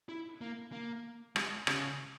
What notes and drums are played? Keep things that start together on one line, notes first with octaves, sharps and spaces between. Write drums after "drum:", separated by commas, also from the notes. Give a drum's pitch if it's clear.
E4
A#3
A#3
G#3, drum: rim click
C#3, drum: rim click